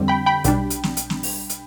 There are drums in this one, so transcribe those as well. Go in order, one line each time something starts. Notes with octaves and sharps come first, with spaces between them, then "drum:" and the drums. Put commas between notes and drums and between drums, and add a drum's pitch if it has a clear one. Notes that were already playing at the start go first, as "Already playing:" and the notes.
Already playing: F2 D3 G3 C4
G5 B5
G5 B5
B1 B2 G3 D4, drum: hi-hat
drum: hi-hat
drum: snare
drum: hi-hat
drum: snare
drum: open hi-hat
drum: hi-hat